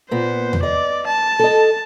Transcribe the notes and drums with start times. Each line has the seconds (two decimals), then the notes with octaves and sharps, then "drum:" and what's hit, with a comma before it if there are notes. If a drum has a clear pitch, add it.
0.11 A#2 B3 C5
0.53 drum: tom E2
0.63 D5 D#5
1.07 A5
1.39 A4 D#5